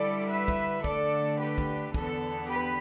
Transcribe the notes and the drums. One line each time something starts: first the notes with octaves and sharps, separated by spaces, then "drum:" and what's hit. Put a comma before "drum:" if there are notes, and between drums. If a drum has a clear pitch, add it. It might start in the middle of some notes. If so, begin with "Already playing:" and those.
Already playing: D3 G3 E4 A4 D5
B4 E5
drum: kick
D3 A3 D4 A4 D5, drum: kick
G4 B4
drum: kick
E2 D3 B3 A4, drum: kick
G4 B4